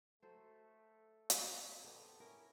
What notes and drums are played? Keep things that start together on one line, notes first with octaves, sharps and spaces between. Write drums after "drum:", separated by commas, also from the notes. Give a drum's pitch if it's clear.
F#3 A3 A4 C5
F2 D#5, drum: hi-hat
B3 C4 G4 A4
C#4 E4 A#4